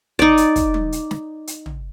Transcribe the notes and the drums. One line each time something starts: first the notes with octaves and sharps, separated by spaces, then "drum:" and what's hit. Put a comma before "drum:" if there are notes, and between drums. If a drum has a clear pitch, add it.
D#4 D5, drum: tom
drum: hi-hat
drum: kick, hi-hat
drum: tom
drum: hi-hat
drum: snare
drum: hi-hat
drum: tom